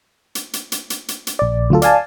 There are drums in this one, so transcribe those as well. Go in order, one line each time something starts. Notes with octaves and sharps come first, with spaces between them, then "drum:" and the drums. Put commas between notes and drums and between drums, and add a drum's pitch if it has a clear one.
drum: hi-hat
drum: hi-hat
drum: hi-hat
drum: hi-hat
drum: hi-hat
drum: hi-hat
A#1 D5
D2 F#3 F4 A4
D5 F5 G#5 A5, drum: hi-hat